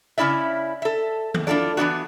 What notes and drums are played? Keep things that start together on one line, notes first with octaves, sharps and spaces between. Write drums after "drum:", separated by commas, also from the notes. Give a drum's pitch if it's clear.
C#3 C#4 E4 D5 E5
A4 E5
drum: tom D#3
D4 E4 F4 A4 D5
E3 B3 D4 F#4